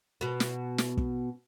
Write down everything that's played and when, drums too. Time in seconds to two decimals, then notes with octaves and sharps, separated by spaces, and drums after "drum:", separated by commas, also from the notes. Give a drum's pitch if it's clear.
0.21 B2 B3
0.40 drum: snare
0.78 drum: snare
0.97 drum: kick